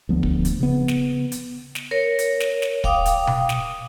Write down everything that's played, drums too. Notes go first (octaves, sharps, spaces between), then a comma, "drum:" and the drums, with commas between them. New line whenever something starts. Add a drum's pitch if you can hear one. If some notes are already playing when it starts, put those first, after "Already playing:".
D2 F3 B3
drum: kick
drum: hi-hat
C#3 B3
drum: snare
drum: hi-hat
drum: snare
A#4 C#5
drum: hi-hat
drum: snare
drum: snare
F5 G5 D6 D#6, drum: kick
drum: hi-hat
drum: tom B2
drum: snare